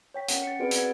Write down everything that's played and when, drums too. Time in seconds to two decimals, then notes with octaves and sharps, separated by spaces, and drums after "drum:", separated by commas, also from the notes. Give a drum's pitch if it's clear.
0.14 C#5 G5 B6
0.28 C#4 F#5, drum: hi-hat
0.43 A6 C#7
0.59 C4 F#4 G#4 B4 D5 D7
0.71 B4 F#5 E6 G#6, drum: hi-hat